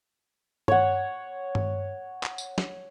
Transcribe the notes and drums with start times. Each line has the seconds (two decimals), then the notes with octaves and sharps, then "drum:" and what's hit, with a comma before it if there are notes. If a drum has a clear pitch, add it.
0.68 C#5 F#5, drum: tom G2
1.55 drum: tom G2
2.23 drum: clap
2.38 drum: tambourine
2.58 drum: snare